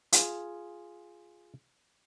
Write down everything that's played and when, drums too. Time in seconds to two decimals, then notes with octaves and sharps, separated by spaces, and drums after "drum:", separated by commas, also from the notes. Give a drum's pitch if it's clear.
0.13 F4 G#4, drum: hi-hat